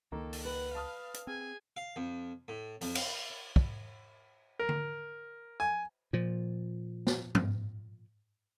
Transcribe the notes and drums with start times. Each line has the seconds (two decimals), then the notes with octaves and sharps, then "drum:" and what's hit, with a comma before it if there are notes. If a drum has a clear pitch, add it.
0.12 C#2 D#3 A#3 A4
0.33 drum: open hi-hat
0.45 B4 F#5
0.75 F5 A5 D#6 F6
1.14 drum: hi-hat
1.27 C4 G#4 G#5
1.77 F5
1.96 F2
2.48 A2
2.81 F2, drum: open hi-hat
2.95 F5, drum: cymbal
3.56 drum: kick
4.59 A#4
4.69 drum: tom D3
5.60 G#5
6.13 A#2 F3
7.07 drum: snare
7.35 drum: tom